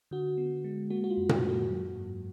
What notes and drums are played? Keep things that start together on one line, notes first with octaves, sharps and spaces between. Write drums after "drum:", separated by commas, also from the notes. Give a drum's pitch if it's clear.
D3 F#4
B3
G#3
A#3 F#4
F#4
F4
F#2
F4, drum: tom A#2
A#3
F#4
F#3
G#2